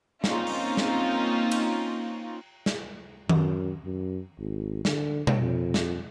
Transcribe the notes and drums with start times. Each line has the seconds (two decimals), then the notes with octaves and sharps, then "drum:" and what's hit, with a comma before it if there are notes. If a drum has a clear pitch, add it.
0.24 A#3 C4 C#4 D#4 F4, drum: snare
0.47 drum: open hi-hat
0.77 drum: snare
1.51 drum: cymbal
2.66 drum: snare
3.29 F#2, drum: tom D#3
3.85 F#2
4.39 G#1
4.85 D3, drum: snare
5.27 drum: tom B2
5.40 F2
5.74 drum: snare